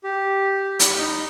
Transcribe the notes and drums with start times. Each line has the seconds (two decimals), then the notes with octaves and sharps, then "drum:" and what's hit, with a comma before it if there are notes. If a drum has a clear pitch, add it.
0.04 G4
0.79 B5, drum: hi-hat
0.98 D#4